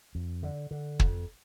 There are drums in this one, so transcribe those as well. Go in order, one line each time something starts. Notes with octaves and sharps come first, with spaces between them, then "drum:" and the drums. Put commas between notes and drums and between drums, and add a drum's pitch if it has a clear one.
F2
D3
D3
F2, drum: kick